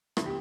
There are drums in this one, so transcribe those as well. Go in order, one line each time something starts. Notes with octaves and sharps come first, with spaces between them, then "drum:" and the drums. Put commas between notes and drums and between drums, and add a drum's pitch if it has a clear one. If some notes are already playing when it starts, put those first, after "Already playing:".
D3 G3 E4, drum: rim click
G4